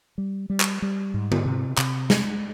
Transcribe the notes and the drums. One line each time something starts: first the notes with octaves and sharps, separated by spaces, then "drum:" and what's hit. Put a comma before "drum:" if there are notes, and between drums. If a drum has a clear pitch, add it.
G3
G3
drum: clap
G3
G#2
drum: tom
C3
C3, drum: clap
G#3, drum: snare